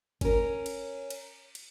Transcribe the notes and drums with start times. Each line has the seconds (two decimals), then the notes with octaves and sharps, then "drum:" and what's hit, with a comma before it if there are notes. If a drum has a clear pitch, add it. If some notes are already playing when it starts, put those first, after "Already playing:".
0.21 C#4 A#4, drum: kick G1, cymbal
0.66 drum: cymbal
1.10 drum: cymbal
1.55 drum: cymbal